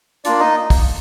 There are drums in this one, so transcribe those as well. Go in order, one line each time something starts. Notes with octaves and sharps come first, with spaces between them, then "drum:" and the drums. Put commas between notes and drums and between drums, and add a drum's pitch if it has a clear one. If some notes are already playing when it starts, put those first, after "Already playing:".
A#3 D4 F4 D5, drum: hi-hat
D#4 D#5
drum: kick, open hi-hat